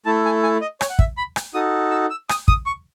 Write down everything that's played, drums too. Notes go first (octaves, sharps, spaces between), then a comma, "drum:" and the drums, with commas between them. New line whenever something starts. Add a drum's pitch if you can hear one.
A3 E4 A4 A5
G#5
G#5
D#5
C#5, drum: rim click
F#5
E5, drum: kick
B5
drum: rim click
D#4 F#4 A4 D#6
E6
E6
D#6, drum: rim click
D#6, drum: kick
C#6